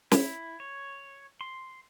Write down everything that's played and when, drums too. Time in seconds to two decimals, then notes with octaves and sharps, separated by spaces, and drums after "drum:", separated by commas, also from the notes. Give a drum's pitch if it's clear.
0.12 E4, drum: snare
0.60 C#5
1.41 C6